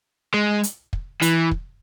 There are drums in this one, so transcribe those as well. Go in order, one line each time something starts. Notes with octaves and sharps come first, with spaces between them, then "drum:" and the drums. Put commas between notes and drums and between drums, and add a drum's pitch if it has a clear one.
G#3
drum: hi-hat
drum: kick
E3, drum: hi-hat
drum: kick